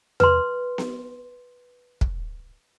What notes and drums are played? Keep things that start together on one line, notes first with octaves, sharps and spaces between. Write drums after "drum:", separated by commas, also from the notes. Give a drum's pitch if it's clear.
B4 C6, drum: tom E2
drum: snare B3
drum: kick